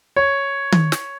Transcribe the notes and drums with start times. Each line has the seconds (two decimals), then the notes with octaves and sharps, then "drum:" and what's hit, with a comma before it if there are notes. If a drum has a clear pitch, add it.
0.16 C#5
0.72 drum: tom D#3
0.92 drum: snare